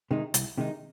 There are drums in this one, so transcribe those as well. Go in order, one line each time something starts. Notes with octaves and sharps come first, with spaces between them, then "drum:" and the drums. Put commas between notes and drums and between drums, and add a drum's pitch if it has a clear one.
C3 D#3 G#3 D#4
C2, drum: hi-hat
C3 D#3 G#3 D#4